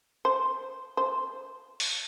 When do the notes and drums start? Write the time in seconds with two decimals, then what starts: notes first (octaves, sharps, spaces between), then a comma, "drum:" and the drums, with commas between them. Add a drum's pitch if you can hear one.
0.25 C5
0.97 C5
1.80 drum: open hi-hat